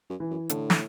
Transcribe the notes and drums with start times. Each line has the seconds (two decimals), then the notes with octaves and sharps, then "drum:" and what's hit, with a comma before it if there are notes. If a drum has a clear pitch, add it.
0.10 F#2
0.20 E3
0.31 F#2
0.49 A2 D3, drum: hi-hat
0.70 drum: snare